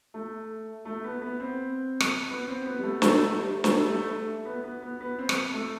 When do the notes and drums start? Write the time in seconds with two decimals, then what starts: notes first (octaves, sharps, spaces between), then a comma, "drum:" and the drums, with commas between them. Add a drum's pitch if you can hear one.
0.14 A3
0.85 A3
1.04 B3
1.22 B3
1.40 C4
2.00 drum: rim click
2.30 B3
2.47 C4
2.66 B3
2.79 G3
2.83 A3
3.02 A3, drum: snare
3.20 A3
3.38 G3
3.64 drum: snare
3.74 A3
3.82 G3
3.88 A3
4.45 B3
4.64 B3
4.82 B3
5.01 B3
5.18 C4
5.29 drum: rim click
5.54 A3